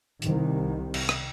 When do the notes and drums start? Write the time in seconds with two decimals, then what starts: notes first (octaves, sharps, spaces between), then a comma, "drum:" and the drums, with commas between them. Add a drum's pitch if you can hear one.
0.22 C2 D#3, drum: hi-hat
0.94 drum: cymbal
1.09 drum: rim click